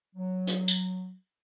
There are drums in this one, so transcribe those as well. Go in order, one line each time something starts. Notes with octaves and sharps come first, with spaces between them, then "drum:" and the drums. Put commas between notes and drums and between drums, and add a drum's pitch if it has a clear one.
F#3
drum: hi-hat
drum: tambourine